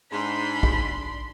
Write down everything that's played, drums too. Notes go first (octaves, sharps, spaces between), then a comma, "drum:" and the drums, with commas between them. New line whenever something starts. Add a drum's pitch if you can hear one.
G#2 D4 B5 C6
drum: kick